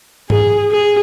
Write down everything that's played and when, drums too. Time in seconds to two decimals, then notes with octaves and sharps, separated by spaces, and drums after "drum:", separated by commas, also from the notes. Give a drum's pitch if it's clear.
0.30 G#4, drum: tom G#2
0.72 G#4